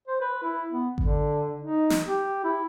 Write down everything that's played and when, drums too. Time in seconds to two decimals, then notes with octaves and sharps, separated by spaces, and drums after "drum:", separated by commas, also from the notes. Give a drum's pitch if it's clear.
0.08 C5
0.21 B4
0.43 E4
0.71 B3
0.98 D3, drum: kick G#1
1.62 D#4
1.90 drum: snare
2.06 G4
2.44 E4